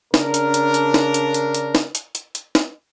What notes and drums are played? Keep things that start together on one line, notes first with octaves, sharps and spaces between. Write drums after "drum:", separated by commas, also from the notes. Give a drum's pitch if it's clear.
C#3 D4 A#4, drum: snare
drum: hi-hat
drum: hi-hat
drum: hi-hat
drum: snare
drum: hi-hat
drum: hi-hat
drum: hi-hat
drum: snare
drum: hi-hat
drum: hi-hat
drum: hi-hat
drum: snare